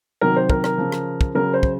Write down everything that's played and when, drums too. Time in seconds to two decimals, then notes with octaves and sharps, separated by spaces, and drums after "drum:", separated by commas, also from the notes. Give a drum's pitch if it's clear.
0.21 C3 D#3 F#3 A#4
0.36 C5
0.50 A#4, drum: kick
0.64 A#4, drum: rim click
0.78 C#3 F3
0.92 drum: rim click
1.21 drum: kick
1.35 C#3 F#3 A#4
1.54 C5
1.63 drum: kick